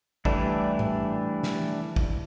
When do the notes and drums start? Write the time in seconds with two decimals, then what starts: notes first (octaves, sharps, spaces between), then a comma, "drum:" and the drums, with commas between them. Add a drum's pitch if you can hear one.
0.25 E3 G3 A3 D4 E4, drum: kick A1
0.79 drum: tom A2
1.43 drum: snare
1.96 drum: kick A1